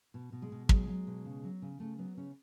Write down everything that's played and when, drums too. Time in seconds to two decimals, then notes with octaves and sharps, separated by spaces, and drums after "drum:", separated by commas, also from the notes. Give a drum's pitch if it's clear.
0.14 B2
0.32 B2
0.42 G#3
0.52 B2
0.69 F#3 G#3, drum: kick
0.88 F#3
1.07 B2
1.25 C#3
1.44 F#3
1.62 C#3
1.80 C#3 A3
1.98 F#3 B3
2.17 C#3 C#4